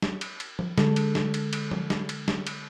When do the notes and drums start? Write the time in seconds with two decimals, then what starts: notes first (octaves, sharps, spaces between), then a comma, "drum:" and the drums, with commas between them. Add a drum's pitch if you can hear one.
0.02 drum: snare
0.21 drum: cymbal
0.40 drum: cymbal
0.59 drum: tom F3
0.78 D3 G#3 A4, drum: snare
0.96 drum: cymbal
1.15 drum: snare
1.34 drum: cymbal
1.53 drum: cymbal
1.71 drum: tom F3
1.90 drum: snare
2.09 drum: cymbal
2.28 drum: snare
2.47 drum: cymbal